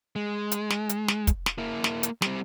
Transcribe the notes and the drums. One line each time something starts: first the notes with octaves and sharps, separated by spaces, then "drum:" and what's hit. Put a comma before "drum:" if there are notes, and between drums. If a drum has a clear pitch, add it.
G#3
drum: hi-hat
drum: snare
drum: hi-hat
drum: snare
drum: kick, hi-hat
drum: snare
A#3 E4
drum: snare
drum: hi-hat
G3 C4, drum: snare